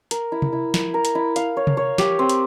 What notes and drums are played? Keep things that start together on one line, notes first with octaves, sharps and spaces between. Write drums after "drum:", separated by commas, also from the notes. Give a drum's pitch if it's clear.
A#4, drum: hi-hat
E4
drum: tom C3
E4
E4, drum: snare
A#4
drum: hi-hat
E4
F5, drum: hi-hat
C#5
drum: tom C3
C#5
G4, drum: snare
C4
drum: hi-hat